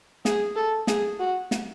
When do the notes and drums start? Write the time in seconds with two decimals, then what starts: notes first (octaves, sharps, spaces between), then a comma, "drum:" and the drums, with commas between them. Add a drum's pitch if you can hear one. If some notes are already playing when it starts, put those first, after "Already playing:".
0.25 G#4, drum: snare
0.56 A4
0.87 G#4, drum: snare
1.19 F#4
1.51 drum: snare